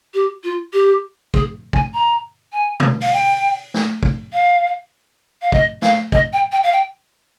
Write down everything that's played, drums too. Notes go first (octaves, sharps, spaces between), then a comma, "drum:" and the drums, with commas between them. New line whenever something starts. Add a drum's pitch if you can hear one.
G4
F4
G4
G#4, drum: kick
G#5, drum: kick
A#5
G#5
drum: tom
F5, drum: open hi-hat
G5
drum: snare
drum: kick
F5
F5
D#5, drum: kick
F5, drum: snare
D#5, drum: kick
G5
G5
F5
G5